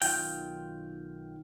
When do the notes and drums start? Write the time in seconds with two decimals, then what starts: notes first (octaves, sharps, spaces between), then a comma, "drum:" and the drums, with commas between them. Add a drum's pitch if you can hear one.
0.02 B1 F2 D#3 F4 G5, drum: open hi-hat